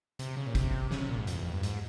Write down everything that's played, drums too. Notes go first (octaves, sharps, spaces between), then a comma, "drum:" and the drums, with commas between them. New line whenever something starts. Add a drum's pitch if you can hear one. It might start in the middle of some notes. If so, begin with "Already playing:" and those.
C3, drum: hi-hat
C#3
A#2
C3, drum: kick, hi-hat
C#3, drum: snare
C3
A#2
G#2
F2, drum: hi-hat
E2
F2
G2
G#2, drum: hi-hat